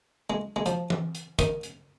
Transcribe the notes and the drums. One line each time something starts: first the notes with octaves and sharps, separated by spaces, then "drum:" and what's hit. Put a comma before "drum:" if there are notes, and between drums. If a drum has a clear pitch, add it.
G#3
G#3
F3, drum: hi-hat
drum: tom E3
drum: hi-hat
D#3, drum: kick, hi-hat
drum: hi-hat